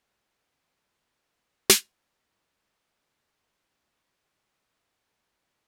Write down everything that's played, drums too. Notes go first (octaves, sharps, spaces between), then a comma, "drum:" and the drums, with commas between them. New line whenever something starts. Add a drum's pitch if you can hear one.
C4 A#4 D5 E7
D4 B4 C5
E5 G#5 A#5 A#6
G#5 A5
G3 F4
drum: snare
D#5
F#4
C4
C4
G5
G2
D7
F3
G#3
C2
C2